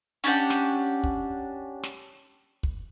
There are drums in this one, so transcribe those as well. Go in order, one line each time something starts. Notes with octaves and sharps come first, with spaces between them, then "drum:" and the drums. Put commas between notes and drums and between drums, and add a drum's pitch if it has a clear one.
C#4 D4 G4 F#5
drum: snare
drum: kick
drum: snare
drum: kick